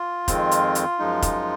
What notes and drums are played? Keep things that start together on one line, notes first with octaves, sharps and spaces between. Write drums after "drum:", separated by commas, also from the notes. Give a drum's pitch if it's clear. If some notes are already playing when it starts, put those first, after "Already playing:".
Already playing: F4
F2 D#3 G#3 C4, drum: kick F1, hi-hat
drum: hi-hat
drum: hi-hat
F#2 F3 G#3 D#4
drum: kick F1, hi-hat